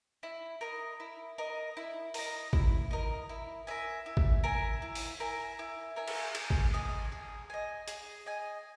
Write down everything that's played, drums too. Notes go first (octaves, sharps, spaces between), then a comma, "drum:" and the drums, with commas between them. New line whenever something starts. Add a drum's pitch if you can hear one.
E4
A#4 D#5
E4
A#4 D#5
E4
A#4 D#5, drum: open hi-hat
E4, drum: kick G#1
A#4 D#5
E4
A#4 E5 G#5
E4
drum: kick G#1
A#4 E5 G#5
E4
drum: open hi-hat
A#4 E5 G#5
E4
A#4 E5 G#5
drum: cymbal
G#4, drum: cymbal
drum: kick G#1
D#5 G#5
G#4
D#5 G#5
G#4, drum: hi-hat
D#5 G#5